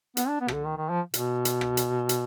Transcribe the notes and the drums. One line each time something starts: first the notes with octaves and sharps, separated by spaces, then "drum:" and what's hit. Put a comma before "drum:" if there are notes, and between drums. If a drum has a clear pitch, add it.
B3, drum: hi-hat
D4
B3
B2, drum: rim click
D3
D#3
D#3
F3
B2, drum: hi-hat
drum: hi-hat
drum: rim click
drum: hi-hat
drum: hi-hat